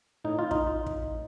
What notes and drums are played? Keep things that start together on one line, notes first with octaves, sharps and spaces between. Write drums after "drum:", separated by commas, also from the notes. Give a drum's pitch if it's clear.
A2 D#4
F4
D#4, drum: kick
drum: kick